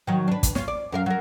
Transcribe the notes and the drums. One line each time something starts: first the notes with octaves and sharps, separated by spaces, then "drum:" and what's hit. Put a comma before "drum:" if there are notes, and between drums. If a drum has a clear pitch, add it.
D#3 F#3
D4 B4
drum: kick, hi-hat
C#4 F4, drum: snare
D5
F#2 A#4 F5
F#3 A#4